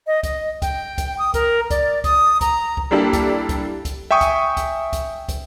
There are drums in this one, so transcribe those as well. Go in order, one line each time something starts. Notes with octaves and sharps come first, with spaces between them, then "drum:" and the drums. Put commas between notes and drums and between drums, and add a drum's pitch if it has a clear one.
D#5
D#5, drum: kick, hi-hat
G5, drum: kick, hi-hat
drum: kick, hi-hat
D#6
A#4, drum: kick, hi-hat
D5, drum: kick, hi-hat
D#6, drum: kick, hi-hat
A#5, drum: kick, hi-hat
drum: kick
G3 A#3 D4 E4 G4 A4
drum: kick, hi-hat
drum: kick, hi-hat
drum: kick, hi-hat
E5 G5 G#5 C#6 D#6
drum: kick, hi-hat
drum: kick, hi-hat
drum: kick, hi-hat
drum: kick, hi-hat